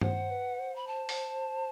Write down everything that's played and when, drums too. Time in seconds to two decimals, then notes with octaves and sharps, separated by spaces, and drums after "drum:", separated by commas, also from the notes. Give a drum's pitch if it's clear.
0.01 C5 F#5, drum: tom G2
0.30 B4
0.59 C5
0.76 B5
0.87 A5
1.09 drum: open hi-hat